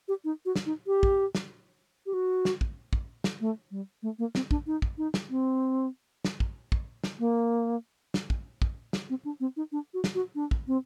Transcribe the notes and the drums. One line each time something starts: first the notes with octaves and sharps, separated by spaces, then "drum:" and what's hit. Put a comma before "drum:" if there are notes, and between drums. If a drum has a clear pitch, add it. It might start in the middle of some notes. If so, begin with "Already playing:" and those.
G4
D#4
F#4
drum: snare
D#4
G4
drum: kick
drum: snare
G4
F#4
drum: snare
drum: kick
drum: kick
drum: snare
A3
G3
A3
A#3
C4, drum: snare
D4, drum: kick
D#4
drum: kick
D#4
drum: snare
C4
drum: snare
drum: kick
drum: kick
drum: snare
A#3
drum: snare
drum: kick
drum: kick
drum: snare
C4
D4
C4
D#4
D4
F#4
drum: snare
F#4
D4
drum: kick
C4